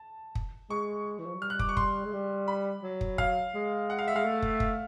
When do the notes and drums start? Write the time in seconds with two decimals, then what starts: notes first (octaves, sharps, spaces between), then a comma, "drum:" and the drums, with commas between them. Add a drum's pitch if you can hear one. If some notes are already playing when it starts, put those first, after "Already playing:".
Already playing: A5
0.35 drum: kick
0.70 G#3 C#6
1.19 E3
1.26 F3
1.34 F#3
1.42 G3 F6
1.50 F#6
1.59 D6, drum: kick
1.69 C#6
1.77 C6, drum: kick
2.05 G#3
2.13 G3
2.48 B5
2.83 F#3
3.01 drum: kick
3.18 F5, drum: kick
3.54 G#3
3.90 F#5
3.99 F5
4.08 E5
4.15 G#3 F5
4.25 A3
4.42 drum: kick
4.60 drum: kick